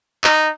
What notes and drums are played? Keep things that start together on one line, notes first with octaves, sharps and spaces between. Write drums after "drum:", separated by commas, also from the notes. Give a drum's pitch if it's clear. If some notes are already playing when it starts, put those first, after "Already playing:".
D#4, drum: clap